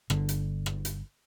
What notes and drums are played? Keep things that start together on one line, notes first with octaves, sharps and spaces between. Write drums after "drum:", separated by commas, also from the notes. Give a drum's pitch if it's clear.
G1 D3, drum: rim click
drum: hi-hat
drum: rim click
drum: hi-hat